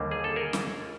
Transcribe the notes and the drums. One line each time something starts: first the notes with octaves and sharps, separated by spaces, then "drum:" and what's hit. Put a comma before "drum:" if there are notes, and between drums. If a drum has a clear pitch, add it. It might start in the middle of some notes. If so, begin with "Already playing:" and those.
Already playing: D#2 D3 G3 A#3
G#4
A4
G#4 A#4
drum: snare